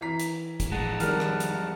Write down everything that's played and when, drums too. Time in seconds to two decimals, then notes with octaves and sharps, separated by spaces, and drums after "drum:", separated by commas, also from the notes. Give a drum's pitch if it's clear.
0.01 E3 A#5 B6
0.20 drum: hi-hat
0.60 drum: kick G#1, hi-hat
0.71 A1 F2 G#3 F#5 A5
1.00 D#3 G3 A#4 F6, drum: hi-hat
1.20 drum: rim click
1.40 drum: hi-hat